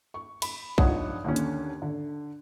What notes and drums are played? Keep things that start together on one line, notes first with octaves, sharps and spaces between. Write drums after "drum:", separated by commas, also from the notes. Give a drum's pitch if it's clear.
C#6
B5, drum: cymbal
G2 F3 D#4 C#5 F#5 D#6, drum: kick A#1
D#2 D3 C#4
drum: hi-hat
D3